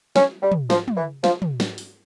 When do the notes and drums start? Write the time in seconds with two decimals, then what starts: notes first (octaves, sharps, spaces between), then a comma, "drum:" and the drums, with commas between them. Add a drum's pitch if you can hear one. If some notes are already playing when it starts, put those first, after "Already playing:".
0.16 C#4, drum: snare
0.42 G3
0.52 drum: tom
0.70 F3, drum: snare
0.88 drum: tom
0.97 E3
1.24 F3, drum: snare
1.42 drum: tom
1.60 drum: snare
1.78 drum: open hi-hat